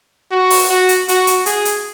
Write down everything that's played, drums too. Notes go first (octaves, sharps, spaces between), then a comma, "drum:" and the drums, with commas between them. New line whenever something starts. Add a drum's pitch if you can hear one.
F#4
drum: open hi-hat
F#4
drum: hi-hat
F#4, drum: hi-hat
drum: hi-hat
G#4, drum: hi-hat
drum: hi-hat